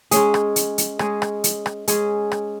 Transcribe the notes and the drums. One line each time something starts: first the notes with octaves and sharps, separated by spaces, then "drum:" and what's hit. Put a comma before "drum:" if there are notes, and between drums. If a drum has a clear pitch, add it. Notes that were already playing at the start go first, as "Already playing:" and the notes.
G#3 C#4 G#4, drum: hi-hat
drum: rim click
drum: hi-hat
drum: hi-hat
G#3 C#4 G#4, drum: rim click
drum: rim click
drum: hi-hat
drum: rim click
G#3 C#4 G#4, drum: hi-hat
drum: rim click